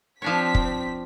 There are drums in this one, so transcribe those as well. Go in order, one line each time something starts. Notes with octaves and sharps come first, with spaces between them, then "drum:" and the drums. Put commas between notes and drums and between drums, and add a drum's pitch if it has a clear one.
F3 C4 D4 C#5 B6
drum: kick